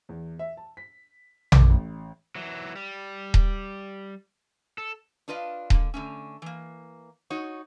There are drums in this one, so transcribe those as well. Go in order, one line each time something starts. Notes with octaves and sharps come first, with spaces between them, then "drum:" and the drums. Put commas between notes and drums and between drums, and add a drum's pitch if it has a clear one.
E2
E5
A5
B6
D6, drum: tom A#1
A1
E3 F#3
G3
drum: kick D#1
A4
D4 F4 B4 D#5 F5
D3 A#3, drum: kick D#1
D3 A3 C#4
E3 A#3
D#4 F#4 C#5